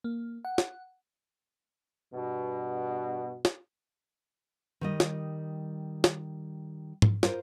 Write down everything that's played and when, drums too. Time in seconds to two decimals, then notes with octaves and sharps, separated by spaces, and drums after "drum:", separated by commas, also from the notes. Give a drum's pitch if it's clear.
0.04 A#3
0.45 F#5
0.58 drum: snare
2.14 G2 B2
3.45 drum: snare
4.81 D#3 G3 D#5
5.00 drum: snare
6.04 drum: snare
7.02 drum: tom G#2
7.23 F4 A#4 C5, drum: snare